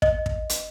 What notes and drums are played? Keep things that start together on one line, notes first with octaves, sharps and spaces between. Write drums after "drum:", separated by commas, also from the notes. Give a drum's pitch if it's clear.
D#5, drum: kick
drum: kick
drum: hi-hat